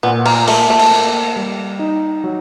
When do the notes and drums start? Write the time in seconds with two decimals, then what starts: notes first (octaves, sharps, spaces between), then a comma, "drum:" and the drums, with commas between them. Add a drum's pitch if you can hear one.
0.03 A#2 B3
0.26 A#3, drum: cymbal
0.48 A3 A#3, drum: open hi-hat
0.70 A3
0.79 drum: cymbal
0.91 A#3
1.36 G3
1.79 D#4
2.24 F#3